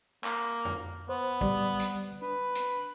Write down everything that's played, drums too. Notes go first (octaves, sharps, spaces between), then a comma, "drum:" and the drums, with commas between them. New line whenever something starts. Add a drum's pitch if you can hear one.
A#3, drum: clap
drum: tom F2
B3 C5
D2 G3 D5, drum: kick
drum: hi-hat
D4 B4
drum: hi-hat